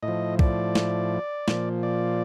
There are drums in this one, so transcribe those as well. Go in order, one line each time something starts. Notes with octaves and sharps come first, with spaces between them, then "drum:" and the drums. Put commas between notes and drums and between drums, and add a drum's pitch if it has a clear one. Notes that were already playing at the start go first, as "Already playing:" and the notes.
A2 D#5
F3
D5, drum: kick
drum: snare
A#2 F3, drum: snare
D5